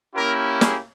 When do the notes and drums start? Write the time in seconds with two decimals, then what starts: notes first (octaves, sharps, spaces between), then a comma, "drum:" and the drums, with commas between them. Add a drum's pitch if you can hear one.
0.16 A#3 C#4 E4 G4 A#4
0.61 G#4, drum: snare